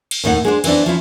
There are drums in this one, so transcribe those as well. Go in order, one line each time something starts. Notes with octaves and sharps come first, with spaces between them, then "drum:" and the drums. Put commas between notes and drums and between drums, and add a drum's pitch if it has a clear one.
drum: cymbal
D#2 A2 D#4 F#5
G#3 D4 C5
E3 B3 C4 D4 E4, drum: cymbal
F3 C#4 E4